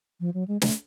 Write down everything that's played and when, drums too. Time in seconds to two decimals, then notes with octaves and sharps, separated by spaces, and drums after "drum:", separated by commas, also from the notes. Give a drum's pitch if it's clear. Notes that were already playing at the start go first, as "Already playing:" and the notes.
0.20 F3
0.34 F#3
0.48 G#3
0.62 A3, drum: snare